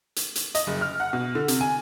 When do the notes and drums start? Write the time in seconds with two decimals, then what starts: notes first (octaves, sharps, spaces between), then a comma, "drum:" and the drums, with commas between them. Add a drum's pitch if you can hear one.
0.16 drum: hi-hat
0.35 drum: hi-hat
0.55 D#5, drum: hi-hat
0.67 F#1
0.81 F6
1.00 F#5
1.13 B2
1.35 D3
1.48 C3, drum: hi-hat
1.61 G#5